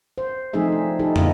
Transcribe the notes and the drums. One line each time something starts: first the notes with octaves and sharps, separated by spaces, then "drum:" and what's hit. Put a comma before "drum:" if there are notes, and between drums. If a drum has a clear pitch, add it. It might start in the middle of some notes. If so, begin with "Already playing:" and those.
C5
F3 A3 C4 D#4 G#4 E5
D4
D#4 E4 G4 A4
G#3 A#3 B3 F4 D#5, drum: tom